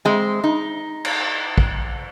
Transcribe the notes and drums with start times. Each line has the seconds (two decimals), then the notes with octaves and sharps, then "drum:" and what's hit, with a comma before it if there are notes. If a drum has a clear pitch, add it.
0.05 G#3 C4
0.44 D#4
1.05 drum: cymbal
1.58 drum: kick